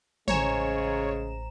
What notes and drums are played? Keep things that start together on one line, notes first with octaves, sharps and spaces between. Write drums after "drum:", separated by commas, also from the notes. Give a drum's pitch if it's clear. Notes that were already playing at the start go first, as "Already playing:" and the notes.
A1 C#3 G#3 C5 C#5 G#5 A#5 E7, drum: tom